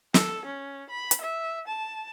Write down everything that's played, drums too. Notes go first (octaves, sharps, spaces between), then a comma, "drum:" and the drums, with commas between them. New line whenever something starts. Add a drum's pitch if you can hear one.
A4, drum: snare
C#4
B5
drum: hi-hat
E5
A5